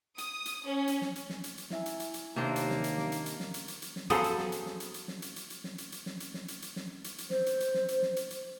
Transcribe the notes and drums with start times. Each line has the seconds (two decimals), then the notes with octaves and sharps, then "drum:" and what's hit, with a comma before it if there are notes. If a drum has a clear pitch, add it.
0.18 D#6, drum: hi-hat
0.46 drum: hi-hat
0.67 C#4
0.88 drum: hi-hat
1.02 drum: snare
1.16 drum: hi-hat
1.30 drum: snare
1.44 drum: hi-hat
1.58 drum: hi-hat
1.70 E4 E5 G#5, drum: snare
1.86 drum: hi-hat
2.00 drum: hi-hat
2.14 drum: hi-hat
2.36 D#2 C3 A#3 D4 C5
2.56 drum: hi-hat
2.70 drum: snare
2.84 drum: hi-hat
2.98 drum: snare
3.12 drum: hi-hat
3.26 drum: hi-hat
3.40 drum: snare
3.54 drum: hi-hat
3.68 drum: hi-hat
3.82 drum: hi-hat
3.96 drum: snare
4.10 F3 F#3 B3 G#4 A4 C5, drum: hi-hat
4.24 drum: hi-hat
4.38 drum: snare
4.52 drum: hi-hat
4.66 drum: snare
4.80 drum: hi-hat
4.94 drum: hi-hat
5.08 drum: snare
5.22 drum: hi-hat
5.36 drum: hi-hat
5.50 drum: hi-hat
5.64 drum: snare
5.78 drum: hi-hat
5.92 drum: hi-hat
6.06 drum: snare
6.20 drum: hi-hat
6.34 drum: snare
6.48 drum: hi-hat
6.62 drum: hi-hat
6.76 drum: snare
7.04 drum: hi-hat
7.18 drum: hi-hat
7.30 C5, drum: snare
7.46 drum: hi-hat
7.60 drum: hi-hat
7.74 drum: snare
7.88 drum: hi-hat
8.02 drum: snare
8.16 drum: hi-hat
8.30 drum: hi-hat